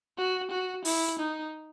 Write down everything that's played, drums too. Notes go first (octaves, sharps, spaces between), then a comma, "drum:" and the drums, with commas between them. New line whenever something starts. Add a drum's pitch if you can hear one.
F#4
F#4
E4, drum: open hi-hat
D#4